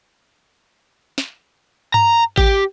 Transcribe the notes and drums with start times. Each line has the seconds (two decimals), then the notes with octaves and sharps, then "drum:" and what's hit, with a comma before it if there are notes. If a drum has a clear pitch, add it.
1.18 drum: snare
1.94 A#5, drum: tom G2
2.38 G4, drum: kick A1